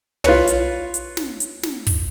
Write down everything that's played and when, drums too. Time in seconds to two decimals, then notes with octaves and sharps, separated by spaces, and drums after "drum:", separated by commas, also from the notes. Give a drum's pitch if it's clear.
0.24 F4 B4 C#5, drum: tom
0.47 drum: hi-hat
0.94 drum: hi-hat
1.17 drum: snare
1.40 drum: hi-hat
1.63 drum: snare
1.87 drum: kick, open hi-hat